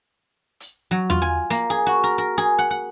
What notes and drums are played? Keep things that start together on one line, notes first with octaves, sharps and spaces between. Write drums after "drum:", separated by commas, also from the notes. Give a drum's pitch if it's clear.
drum: hi-hat
F#3
F4, drum: tom E2
G#5
A#3, drum: hi-hat
G#4
F#4
A#4
A#4
G#4
F#5
F#5